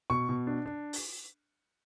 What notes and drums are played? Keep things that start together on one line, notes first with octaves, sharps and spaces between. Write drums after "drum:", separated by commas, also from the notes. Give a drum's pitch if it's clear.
B2 C#6
B2
D4
D4
drum: open hi-hat